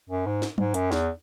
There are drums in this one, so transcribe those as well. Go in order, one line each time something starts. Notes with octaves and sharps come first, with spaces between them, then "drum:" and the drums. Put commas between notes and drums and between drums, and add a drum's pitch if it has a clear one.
F#2
G#2
drum: snare
G#2, drum: tom F#3
F#2, drum: hi-hat
E2, drum: snare